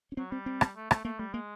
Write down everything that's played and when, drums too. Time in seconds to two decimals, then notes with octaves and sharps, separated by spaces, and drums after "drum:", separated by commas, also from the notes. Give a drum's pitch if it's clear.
0.12 C#4
0.17 F#3 C4
0.31 G3 C4
0.46 C4
0.61 drum: rim click
0.76 A3
0.91 A3, drum: rim click
1.05 A3 A#3
1.19 G3 A3
1.33 G#3 A#3